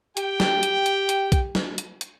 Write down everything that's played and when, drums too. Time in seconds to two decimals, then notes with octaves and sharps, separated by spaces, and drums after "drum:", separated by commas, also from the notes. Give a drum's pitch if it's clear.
0.17 G4 G5, drum: hi-hat
0.40 drum: snare
0.63 drum: hi-hat
0.86 drum: hi-hat
1.09 drum: hi-hat
1.32 drum: kick B1, hi-hat
1.55 drum: snare
1.78 drum: hi-hat
2.01 drum: hi-hat